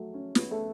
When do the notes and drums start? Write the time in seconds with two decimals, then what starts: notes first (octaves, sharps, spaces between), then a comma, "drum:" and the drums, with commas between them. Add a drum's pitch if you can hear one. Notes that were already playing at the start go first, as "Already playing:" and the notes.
Already playing: F#3 A3 F#4 A4
0.14 C#4 C#5
0.35 B3 B4, drum: snare
0.51 A3 A4